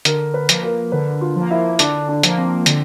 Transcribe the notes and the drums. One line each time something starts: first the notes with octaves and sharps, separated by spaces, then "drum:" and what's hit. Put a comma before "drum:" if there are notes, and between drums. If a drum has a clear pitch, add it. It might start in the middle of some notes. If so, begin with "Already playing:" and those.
D3 A#4, drum: hi-hat
B4
F3 A#3, drum: hi-hat
A#4
D3 B4
F4
F3 A#3
E4
D3 D4, drum: hi-hat
D4
F3 A#3, drum: hi-hat
C4
D3, drum: hi-hat